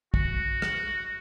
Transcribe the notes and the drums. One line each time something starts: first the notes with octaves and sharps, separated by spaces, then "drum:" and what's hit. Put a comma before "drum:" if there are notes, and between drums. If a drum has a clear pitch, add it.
F#4, drum: kick
drum: rim click